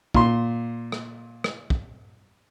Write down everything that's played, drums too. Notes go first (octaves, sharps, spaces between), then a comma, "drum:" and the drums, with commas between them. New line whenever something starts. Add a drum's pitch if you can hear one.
A#2 C6, drum: kick
drum: rim click
drum: rim click
drum: kick